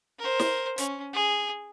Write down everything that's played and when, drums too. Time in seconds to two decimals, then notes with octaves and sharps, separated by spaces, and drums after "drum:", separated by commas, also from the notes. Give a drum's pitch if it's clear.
0.19 A#4 C5
0.39 drum: snare
0.78 C#4, drum: hi-hat
1.13 G#4